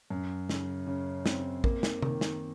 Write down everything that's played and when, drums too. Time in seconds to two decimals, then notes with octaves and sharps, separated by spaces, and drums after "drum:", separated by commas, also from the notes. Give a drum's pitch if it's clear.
0.10 F#2
0.49 C#3, drum: snare
0.87 C#3
1.26 C4, drum: snare
1.64 A#3, drum: kick
1.83 drum: snare
2.02 D#3, drum: tom C3
2.21 drum: snare